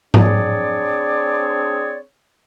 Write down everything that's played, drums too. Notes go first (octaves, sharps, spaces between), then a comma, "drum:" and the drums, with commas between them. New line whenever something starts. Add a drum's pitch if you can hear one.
C4 D4 G#4 C#5 D5, drum: tom G#2